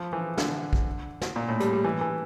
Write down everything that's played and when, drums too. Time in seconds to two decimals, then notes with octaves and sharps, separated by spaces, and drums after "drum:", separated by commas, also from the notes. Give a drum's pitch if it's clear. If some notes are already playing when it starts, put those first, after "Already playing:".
Already playing: F3
0.13 E3
0.38 D3, drum: snare
0.73 drum: kick
1.21 drum: snare
1.36 A#2
1.49 A2
1.60 G3, drum: hi-hat
1.73 G3
1.84 E3
2.01 E3